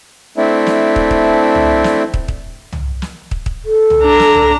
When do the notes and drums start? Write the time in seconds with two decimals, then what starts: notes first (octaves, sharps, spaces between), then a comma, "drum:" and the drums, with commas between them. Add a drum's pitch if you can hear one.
0.37 A3 C4 D4 E4
0.67 drum: snare
0.96 drum: kick
1.11 drum: kick
1.55 drum: tom C2
1.84 drum: snare
2.14 drum: kick
2.28 drum: kick
2.73 drum: tom C2
3.02 drum: snare
3.31 drum: kick
3.46 drum: kick
3.65 A4
3.90 drum: tom C2
4.02 D4 A#5
4.20 drum: snare
4.34 drum: tom C2